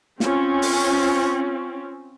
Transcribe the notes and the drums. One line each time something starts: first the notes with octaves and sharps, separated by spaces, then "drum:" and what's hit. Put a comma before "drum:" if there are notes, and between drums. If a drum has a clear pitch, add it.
C4 C#4 F4, drum: snare
drum: open hi-hat